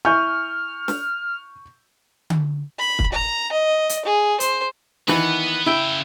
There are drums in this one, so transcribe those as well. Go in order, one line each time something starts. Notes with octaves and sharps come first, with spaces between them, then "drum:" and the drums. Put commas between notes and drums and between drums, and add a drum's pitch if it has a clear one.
E4 G#5 C#6 F6 G6
drum: snare
drum: tom D3
B5
drum: kick
A#5
D#5
drum: hi-hat
G#4
C5, drum: hi-hat
D#3 E3 B4 F#5, drum: snare
C#3 E4 G5